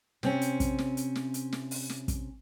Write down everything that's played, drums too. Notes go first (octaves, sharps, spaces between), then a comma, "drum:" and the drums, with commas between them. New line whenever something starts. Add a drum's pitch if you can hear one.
C3 C4 C#4, drum: snare
drum: hi-hat
drum: kick, hi-hat
drum: snare
drum: hi-hat
drum: snare
drum: hi-hat
drum: snare
drum: open hi-hat
drum: snare
drum: kick, hi-hat